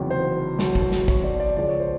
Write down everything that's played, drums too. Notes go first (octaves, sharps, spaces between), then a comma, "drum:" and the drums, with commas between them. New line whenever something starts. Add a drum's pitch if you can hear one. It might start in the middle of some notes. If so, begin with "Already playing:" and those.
Already playing: F#1 E2 C3 D#3 F#3
C5
B1 B2 F#3, drum: snare
drum: kick
drum: snare
C#5, drum: kick
D5
D5
C#2 C#3 F3 D5
C#5
C5